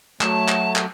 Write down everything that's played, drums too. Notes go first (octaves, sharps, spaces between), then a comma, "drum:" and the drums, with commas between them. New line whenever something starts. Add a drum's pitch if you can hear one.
F#3 A3 A5, drum: clap
drum: clap
drum: clap